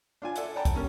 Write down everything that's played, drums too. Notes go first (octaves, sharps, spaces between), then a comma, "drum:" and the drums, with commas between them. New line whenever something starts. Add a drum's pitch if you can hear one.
D4 F4 G#5
A4 D5 E5 F#5, drum: hi-hat
D5 F#5 G5 A5 A#5
drum: kick, hi-hat
G3 C#4 A#4